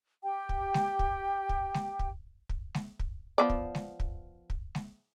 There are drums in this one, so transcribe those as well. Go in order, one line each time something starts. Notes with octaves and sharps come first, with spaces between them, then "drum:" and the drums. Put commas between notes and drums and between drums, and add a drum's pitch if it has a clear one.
G4 G5
drum: kick
drum: snare G#3
drum: kick
drum: kick
drum: snare G#3
drum: kick
drum: kick
drum: snare G#3
drum: kick
F3 B3 D5
drum: kick
drum: snare G#3
drum: kick
drum: kick
drum: snare G#3